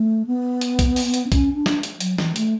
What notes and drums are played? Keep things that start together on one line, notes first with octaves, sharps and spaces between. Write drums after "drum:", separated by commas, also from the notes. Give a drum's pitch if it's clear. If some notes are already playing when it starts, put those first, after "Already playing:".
Already playing: A3
B3
drum: hi-hat
drum: kick B1, hi-hat
drum: open hi-hat
drum: hi-hat
D4
C#4, drum: kick B1, hi-hat
D4
drum: snare
drum: hi-hat
F#3, drum: hi-hat
E3, drum: snare
A3, drum: hi-hat